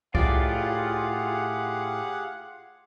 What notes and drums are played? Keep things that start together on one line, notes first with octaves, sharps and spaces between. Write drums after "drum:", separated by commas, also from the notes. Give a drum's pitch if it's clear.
A2 F4 G4 G#4 D5 F5 F#5, drum: kick C2